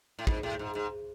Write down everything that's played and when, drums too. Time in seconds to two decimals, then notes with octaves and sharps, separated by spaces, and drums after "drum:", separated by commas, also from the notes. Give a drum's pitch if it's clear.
0.19 A2
0.27 G#2, drum: kick
0.43 A2
0.59 G#2
0.75 G#2